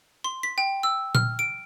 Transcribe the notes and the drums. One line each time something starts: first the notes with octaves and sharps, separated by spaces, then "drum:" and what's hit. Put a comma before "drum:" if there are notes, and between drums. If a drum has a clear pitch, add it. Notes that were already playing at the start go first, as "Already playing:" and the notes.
C6
B6
G5
E6
F6, drum: tom A#2
D7